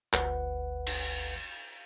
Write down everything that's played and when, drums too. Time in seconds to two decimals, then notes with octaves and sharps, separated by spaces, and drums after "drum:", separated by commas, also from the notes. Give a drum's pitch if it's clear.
0.13 G1 D2 B4 F#5, drum: clap
0.87 drum: cymbal